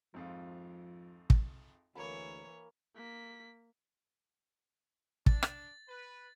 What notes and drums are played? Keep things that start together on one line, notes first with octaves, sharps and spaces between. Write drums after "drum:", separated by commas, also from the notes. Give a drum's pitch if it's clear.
G#1 F2 F3 F4
drum: kick
D2 E3 A#3 C#5 G#5 B5
A#3 B6
D4 A6, drum: kick
drum: rim click
B4